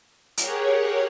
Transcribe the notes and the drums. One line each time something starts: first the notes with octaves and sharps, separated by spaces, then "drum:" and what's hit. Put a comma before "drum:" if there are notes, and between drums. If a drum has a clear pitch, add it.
G4 G#4 A#4 C#5 F#5, drum: hi-hat